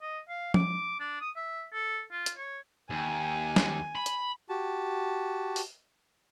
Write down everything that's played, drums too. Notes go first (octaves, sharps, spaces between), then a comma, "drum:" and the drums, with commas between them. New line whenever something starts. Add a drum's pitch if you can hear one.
D#5
F5
D6, drum: tom
D4
D#6
E5
A4
F4
drum: hi-hat
C#5
D#2 G#5
drum: snare
B5
drum: hi-hat
F#4 G4 A5
drum: open hi-hat